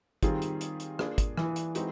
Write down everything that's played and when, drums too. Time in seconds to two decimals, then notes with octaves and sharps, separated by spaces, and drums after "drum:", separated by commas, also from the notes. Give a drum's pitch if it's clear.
0.23 D#3 G3 C4 F4 G#4, drum: kick, hi-hat
0.42 drum: hi-hat
0.61 drum: hi-hat
0.80 drum: hi-hat
0.99 A#3 D4 F4 G#4, drum: rim click
1.18 drum: kick, hi-hat
1.37 E3, drum: rim click
1.56 drum: hi-hat
1.75 G#3 C4 D#4 F#4 B4, drum: hi-hat